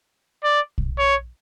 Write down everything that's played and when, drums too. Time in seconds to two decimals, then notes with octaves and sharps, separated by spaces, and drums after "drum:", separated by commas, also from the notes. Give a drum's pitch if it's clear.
0.44 D5
0.78 drum: kick
0.98 C#5